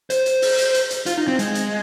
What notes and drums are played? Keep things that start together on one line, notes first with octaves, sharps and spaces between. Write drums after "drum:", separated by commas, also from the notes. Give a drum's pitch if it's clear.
C5, drum: hi-hat
drum: hi-hat
drum: open hi-hat
drum: hi-hat
drum: hi-hat
drum: hi-hat
F4, drum: hi-hat
D#4
C4
G#3, drum: hi-hat
drum: hi-hat